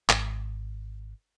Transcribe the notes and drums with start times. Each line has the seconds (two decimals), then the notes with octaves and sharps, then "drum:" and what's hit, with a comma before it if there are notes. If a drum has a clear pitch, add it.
0.09 G#1, drum: clap